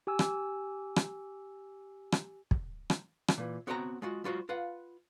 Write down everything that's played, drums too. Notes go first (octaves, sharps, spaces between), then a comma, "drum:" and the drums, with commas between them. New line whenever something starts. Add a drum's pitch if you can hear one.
G4 G#5 E6
drum: rim click
drum: rim click
drum: rim click
drum: kick
drum: rim click
drum: rim click
A#2 E3
B3 C4 F#4 C#5 G5 A#5
G#3 F4 F#4
G3 F4 F#4 C5
F4 B4 F5 F#5